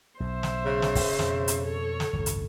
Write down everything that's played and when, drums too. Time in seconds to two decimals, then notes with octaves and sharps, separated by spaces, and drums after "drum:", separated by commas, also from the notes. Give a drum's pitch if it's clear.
0.20 B1 C5 E5
0.43 drum: snare
0.65 C#3
0.82 drum: snare
0.95 drum: kick, open hi-hat
1.19 F2 B2, drum: snare
1.48 drum: hi-hat
1.65 A4 C#5
2.00 drum: snare
2.13 G#1 C#2 F#2
2.26 drum: hi-hat